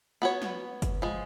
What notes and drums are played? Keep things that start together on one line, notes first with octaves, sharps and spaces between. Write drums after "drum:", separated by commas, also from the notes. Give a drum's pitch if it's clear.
B3 F#4 C#5
drum: snare
drum: kick F#1, hi-hat
F3 G#3